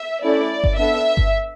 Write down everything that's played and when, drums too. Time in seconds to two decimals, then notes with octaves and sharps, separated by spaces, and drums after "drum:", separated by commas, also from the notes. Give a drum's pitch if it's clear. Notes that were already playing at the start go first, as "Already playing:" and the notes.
Already playing: E5
0.23 A3 C#4 E4 A4 D5
0.64 drum: kick G1
0.77 B3 D4 A4 E5
1.17 drum: kick G1